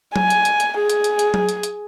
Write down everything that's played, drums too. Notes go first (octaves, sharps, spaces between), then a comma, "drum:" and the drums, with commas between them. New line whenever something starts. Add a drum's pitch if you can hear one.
G#5, drum: tom F#3
drum: hi-hat
drum: hi-hat
drum: hi-hat
G#4
drum: hi-hat
drum: hi-hat
drum: hi-hat
drum: tom F#3
drum: hi-hat
drum: hi-hat